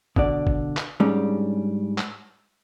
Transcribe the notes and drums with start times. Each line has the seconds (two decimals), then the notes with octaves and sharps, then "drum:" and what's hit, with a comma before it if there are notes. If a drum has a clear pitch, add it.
0.16 B2 D3 D5, drum: kick F#1
0.47 drum: kick F#1
0.77 drum: clap
1.00 G#2 G3 C#4 D4
1.98 drum: clap